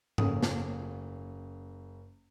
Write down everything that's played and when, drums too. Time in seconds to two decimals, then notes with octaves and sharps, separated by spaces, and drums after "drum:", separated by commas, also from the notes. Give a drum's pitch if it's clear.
0.18 F#1 C#4 A4 D#6, drum: tom G#2
0.43 drum: snare